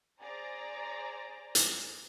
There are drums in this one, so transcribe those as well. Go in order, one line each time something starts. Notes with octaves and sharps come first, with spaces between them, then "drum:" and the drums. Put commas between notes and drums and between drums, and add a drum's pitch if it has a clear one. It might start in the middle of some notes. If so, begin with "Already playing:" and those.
G#4 C5 D5 A#5
drum: hi-hat